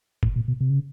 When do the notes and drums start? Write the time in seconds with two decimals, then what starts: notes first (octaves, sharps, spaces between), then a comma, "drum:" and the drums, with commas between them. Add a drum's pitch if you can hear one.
0.23 A2, drum: kick
0.36 A#2
0.48 B2
0.61 C3
0.70 C#3